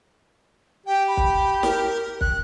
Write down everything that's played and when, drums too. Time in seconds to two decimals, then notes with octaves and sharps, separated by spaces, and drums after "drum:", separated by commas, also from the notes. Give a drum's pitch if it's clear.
0.86 G4 G5
1.08 B5
1.17 drum: kick
1.63 A#4, drum: snare
2.21 F#6, drum: kick